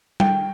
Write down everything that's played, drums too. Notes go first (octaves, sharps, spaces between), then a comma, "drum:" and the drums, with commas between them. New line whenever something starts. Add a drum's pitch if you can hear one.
G5, drum: tom G3